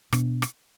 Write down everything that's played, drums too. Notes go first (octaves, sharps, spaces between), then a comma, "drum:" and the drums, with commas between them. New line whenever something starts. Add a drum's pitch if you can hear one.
B2 B3 D4, drum: rim click
drum: rim click